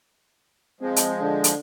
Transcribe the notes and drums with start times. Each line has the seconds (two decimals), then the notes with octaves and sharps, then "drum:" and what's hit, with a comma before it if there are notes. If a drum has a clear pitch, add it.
0.81 F3 G#3 C4
0.96 drum: hi-hat
1.20 D3
1.44 drum: hi-hat